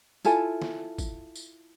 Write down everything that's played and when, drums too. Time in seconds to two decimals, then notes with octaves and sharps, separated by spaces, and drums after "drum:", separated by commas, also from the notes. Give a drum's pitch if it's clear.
0.25 E4 F4 A4 G#5, drum: tambourine
0.62 drum: snare
0.98 drum: kick, tambourine
1.35 drum: tambourine